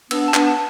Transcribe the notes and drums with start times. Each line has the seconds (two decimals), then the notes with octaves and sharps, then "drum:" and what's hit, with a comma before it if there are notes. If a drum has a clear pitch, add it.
0.11 B3 D4 E6, drum: cymbal
0.28 A5
0.34 B3 D4, drum: clap
0.47 A5